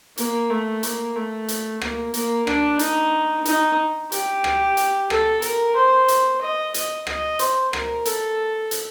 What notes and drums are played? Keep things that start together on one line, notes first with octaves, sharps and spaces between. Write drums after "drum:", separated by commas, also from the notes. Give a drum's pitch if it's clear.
A#3, drum: hi-hat
A3
A#3, drum: hi-hat
A3
drum: hi-hat
A#3, drum: rim click
A#3, drum: hi-hat
D4, drum: rim click
D#4, drum: hi-hat
D#4, drum: hi-hat
G4, drum: hi-hat
drum: rim click
drum: hi-hat
A4, drum: rim click
A#4, drum: hi-hat
C5
drum: hi-hat
D#5
D#5, drum: hi-hat
D#5, drum: rim click
C5, drum: hi-hat
A#4, drum: rim click
A4, drum: hi-hat
drum: hi-hat